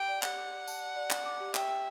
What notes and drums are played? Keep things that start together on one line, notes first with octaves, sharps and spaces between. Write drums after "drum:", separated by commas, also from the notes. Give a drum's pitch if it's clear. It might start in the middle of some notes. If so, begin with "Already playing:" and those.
Already playing: G4 G5 D6
D5
G4 F#5, drum: clap
D6
D5
A5, drum: tambourine
D5
D5
D6, drum: clap
D6
G4
E5 G5, drum: clap
G5